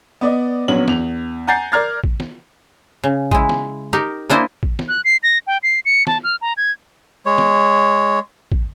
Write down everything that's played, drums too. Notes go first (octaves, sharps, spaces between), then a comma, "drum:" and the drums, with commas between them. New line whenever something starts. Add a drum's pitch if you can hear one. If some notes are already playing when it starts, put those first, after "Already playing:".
B3 D5 D#5
A#1 F#3 B3 C#4 F#7
E2 F7, drum: snare
F#5 G#5 A#5 G6 A6 C7
A#4 D5 A#5 F6 G#6 A6
drum: kick
drum: snare
C#3
G#3 E4, drum: kick
drum: snare
D#4 G4 A#4
A#3 D4 E4 C5 D#5
drum: kick
drum: snare
F#6
C7
A#6
G5
C7
C#7
A5, drum: snare
F6
A#5
G#6
G#3 C#5
drum: snare
drum: kick